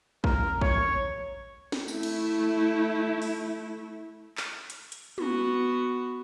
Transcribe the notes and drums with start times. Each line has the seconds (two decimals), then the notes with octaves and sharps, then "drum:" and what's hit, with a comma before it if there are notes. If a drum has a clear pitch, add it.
0.24 A#4, drum: kick
0.61 C#5, drum: kick
1.72 drum: snare
1.88 A3 E4, drum: tambourine
2.03 drum: cymbal
3.22 drum: open hi-hat
4.37 drum: clap
4.70 drum: hi-hat
4.92 drum: hi-hat
5.18 B3 F#4, drum: tom